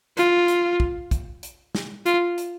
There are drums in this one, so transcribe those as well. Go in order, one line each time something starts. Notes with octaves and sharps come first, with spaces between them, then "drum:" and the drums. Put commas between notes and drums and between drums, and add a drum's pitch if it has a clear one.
F4, drum: hi-hat
drum: hi-hat
drum: kick
drum: kick, hi-hat
drum: hi-hat
drum: snare
F4, drum: hi-hat
drum: hi-hat